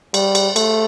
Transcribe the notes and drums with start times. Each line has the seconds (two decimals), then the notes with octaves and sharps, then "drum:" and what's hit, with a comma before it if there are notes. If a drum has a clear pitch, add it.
0.14 G3, drum: cymbal
0.35 drum: cymbal
0.56 A3, drum: cymbal